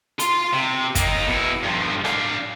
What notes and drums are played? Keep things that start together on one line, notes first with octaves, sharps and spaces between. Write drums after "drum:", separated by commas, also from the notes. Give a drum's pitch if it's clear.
F4 C6, drum: hi-hat
C3
A#3 D#4, drum: kick, hi-hat
B2 E4
G2 F3
D4 F5, drum: rim click